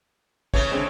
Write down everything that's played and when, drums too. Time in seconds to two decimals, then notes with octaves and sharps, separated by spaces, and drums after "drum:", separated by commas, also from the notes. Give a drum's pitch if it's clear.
0.54 C#3 E3 A3 C#5, drum: kick
0.71 D3 G#3 C4